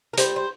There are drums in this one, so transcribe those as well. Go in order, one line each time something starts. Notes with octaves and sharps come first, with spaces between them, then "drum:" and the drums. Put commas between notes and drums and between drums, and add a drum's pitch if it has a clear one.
A#4
G3 C5, drum: hi-hat
C5